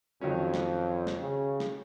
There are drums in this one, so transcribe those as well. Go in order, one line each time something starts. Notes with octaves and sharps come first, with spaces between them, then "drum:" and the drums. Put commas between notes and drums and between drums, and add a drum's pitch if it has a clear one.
F2 D#3 F#3 C#4
drum: snare
drum: snare
C#3
drum: snare